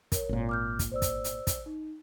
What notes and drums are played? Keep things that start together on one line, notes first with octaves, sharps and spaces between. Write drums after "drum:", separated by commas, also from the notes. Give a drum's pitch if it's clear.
A#4 C#5, drum: kick, hi-hat
G#1 A#2
D6 F6 G6
drum: kick, hi-hat
C5 D5 E6
drum: kick, hi-hat
drum: hi-hat
drum: kick, hi-hat
D#4